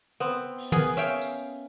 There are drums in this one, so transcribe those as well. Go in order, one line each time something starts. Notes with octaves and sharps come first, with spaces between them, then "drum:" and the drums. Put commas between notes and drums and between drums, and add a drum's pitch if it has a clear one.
B3 C4
drum: open hi-hat
B3 G#4 A#4, drum: tom
C#4 E5 F5 G5
drum: tambourine